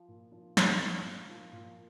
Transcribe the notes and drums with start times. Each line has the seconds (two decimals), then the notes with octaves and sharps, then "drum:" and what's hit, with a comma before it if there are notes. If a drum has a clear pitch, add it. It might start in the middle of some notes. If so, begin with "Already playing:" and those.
Already playing: F3
0.08 A#2
0.32 F3
0.57 A#2, drum: snare
0.80 F3
1.05 A#2
1.29 F3
1.52 A#2